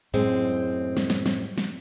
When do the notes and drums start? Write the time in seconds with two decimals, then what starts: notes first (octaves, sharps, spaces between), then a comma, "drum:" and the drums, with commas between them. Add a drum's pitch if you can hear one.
0.14 F#2 A2 G#3 C4, drum: open hi-hat
0.97 drum: snare
1.10 drum: snare
1.26 drum: snare
1.58 drum: snare